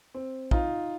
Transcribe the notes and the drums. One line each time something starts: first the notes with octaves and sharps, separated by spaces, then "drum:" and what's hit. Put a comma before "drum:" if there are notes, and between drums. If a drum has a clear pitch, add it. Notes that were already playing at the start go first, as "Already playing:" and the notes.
C4
D#4 F4, drum: kick